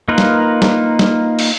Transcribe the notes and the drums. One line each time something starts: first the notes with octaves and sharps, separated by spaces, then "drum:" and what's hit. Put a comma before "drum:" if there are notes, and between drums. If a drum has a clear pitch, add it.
A#3 D#4 F4 A#4 B4
drum: snare
drum: snare
drum: snare
drum: cymbal